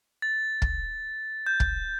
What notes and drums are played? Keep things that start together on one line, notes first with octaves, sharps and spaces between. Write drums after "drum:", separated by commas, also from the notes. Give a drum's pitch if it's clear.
A6
drum: kick
G6
drum: kick